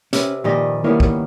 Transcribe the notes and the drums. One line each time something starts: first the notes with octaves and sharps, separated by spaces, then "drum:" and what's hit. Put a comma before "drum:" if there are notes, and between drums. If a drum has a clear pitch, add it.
C3 C#4 B4, drum: hi-hat
G2 A#2 D#3 F3 G3 D#5
D#3 G3 A#3 B3 C#4 E4
drum: kick B1